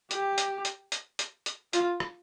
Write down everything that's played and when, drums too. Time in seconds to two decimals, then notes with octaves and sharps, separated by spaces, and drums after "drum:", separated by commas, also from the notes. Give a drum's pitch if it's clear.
0.11 G4, drum: hi-hat
0.38 drum: hi-hat
0.65 drum: hi-hat
0.92 drum: hi-hat
1.19 drum: hi-hat
1.46 drum: hi-hat
1.73 F4, drum: hi-hat
2.00 drum: rim click